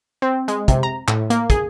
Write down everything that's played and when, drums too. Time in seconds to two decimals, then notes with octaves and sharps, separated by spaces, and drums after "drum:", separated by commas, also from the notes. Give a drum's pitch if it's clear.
0.22 C4
0.48 G#3, drum: hi-hat
0.68 C3, drum: kick, hi-hat
0.83 A#5
1.08 A2, drum: clap
1.30 A#3, drum: hi-hat
1.50 G#4, drum: kick, hi-hat